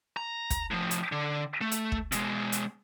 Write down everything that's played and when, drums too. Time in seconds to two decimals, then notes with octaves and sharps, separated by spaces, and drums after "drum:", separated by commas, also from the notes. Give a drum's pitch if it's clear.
0.17 A#5
0.50 drum: kick, hi-hat
0.71 A2 F3
0.91 drum: hi-hat
1.12 D3
1.61 A3
1.72 drum: hi-hat
1.92 drum: kick
2.12 B2 G#3, drum: hi-hat
2.52 drum: hi-hat